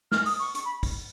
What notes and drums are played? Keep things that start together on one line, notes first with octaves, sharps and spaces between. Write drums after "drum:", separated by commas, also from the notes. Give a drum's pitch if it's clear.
F6, drum: snare
D#6, drum: open hi-hat
C#6
C#6, drum: hi-hat
B5
drum: kick, open hi-hat